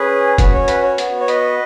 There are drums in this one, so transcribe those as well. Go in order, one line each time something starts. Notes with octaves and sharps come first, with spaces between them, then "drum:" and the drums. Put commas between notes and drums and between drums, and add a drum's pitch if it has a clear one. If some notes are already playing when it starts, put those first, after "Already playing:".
Already playing: C#4 G#4 B4
C#4 F#4 B4, drum: kick, hi-hat
C#5
B4, drum: hi-hat
C#5
B3 F#4, drum: hi-hat
C#5
B4 D#5, drum: hi-hat